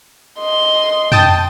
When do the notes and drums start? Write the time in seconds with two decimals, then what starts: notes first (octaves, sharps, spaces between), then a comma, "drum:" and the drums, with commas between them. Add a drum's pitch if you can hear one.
0.39 D#5 C6
1.12 G5 A5 D#6, drum: tom